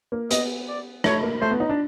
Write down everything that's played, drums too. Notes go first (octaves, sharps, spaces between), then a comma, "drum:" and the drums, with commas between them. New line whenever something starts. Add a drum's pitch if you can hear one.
A#3
B3 D#5, drum: hi-hat
D5
A3 C#5, drum: rim click
A#3
A3 C5
B3
D#4
D4